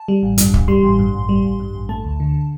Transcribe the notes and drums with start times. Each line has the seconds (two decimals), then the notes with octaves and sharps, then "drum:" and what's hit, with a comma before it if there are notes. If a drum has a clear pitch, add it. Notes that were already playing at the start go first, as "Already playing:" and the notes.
Already playing: A5
0.08 G3
0.23 A1
0.38 G2, drum: hi-hat
0.54 A1, drum: kick
0.68 G3 C6
0.84 A1
0.99 G2
1.14 A1
1.29 G3
1.44 A1
1.60 G2
1.74 A1
1.89 A3 A5
2.04 D2
2.20 D3